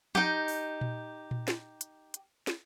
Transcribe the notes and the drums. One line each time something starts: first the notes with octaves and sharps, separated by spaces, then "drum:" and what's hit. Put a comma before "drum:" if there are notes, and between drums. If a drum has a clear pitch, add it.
D#4 G4, drum: tom F3
drum: open hi-hat
drum: tom A#2
drum: tom A#2
drum: snare
drum: hi-hat
drum: hi-hat
drum: snare